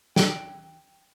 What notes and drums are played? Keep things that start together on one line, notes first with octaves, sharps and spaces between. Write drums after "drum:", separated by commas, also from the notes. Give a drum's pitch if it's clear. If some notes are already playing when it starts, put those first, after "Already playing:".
G5, drum: snare